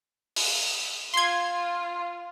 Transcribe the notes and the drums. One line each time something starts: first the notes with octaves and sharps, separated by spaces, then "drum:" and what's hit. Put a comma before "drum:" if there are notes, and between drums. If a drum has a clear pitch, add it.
drum: open hi-hat
F4 C6 G#6